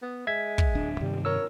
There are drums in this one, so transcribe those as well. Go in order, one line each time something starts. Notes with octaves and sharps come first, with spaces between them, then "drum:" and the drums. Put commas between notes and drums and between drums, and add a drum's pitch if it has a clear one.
B3
G#3 E5 G#6 B6
drum: kick
D1 D4
G2 C3 D#3 G3
A#4 C#5 E6